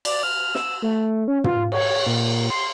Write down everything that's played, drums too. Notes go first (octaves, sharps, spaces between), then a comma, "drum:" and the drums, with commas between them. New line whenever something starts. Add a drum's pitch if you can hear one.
D5, drum: cymbal
F6
E6, drum: snare
A3
C#4
F4, drum: tom
C#5, drum: cymbal
A#2
C6